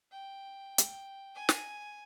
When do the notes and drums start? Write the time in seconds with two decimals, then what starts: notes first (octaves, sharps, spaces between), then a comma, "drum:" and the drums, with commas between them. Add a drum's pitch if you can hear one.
0.12 G5
0.78 drum: hi-hat
1.36 G#5
1.49 drum: snare